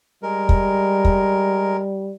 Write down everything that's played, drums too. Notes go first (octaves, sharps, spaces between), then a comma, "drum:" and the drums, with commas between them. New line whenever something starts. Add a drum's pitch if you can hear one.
G3 G#3 A#4
drum: kick
drum: kick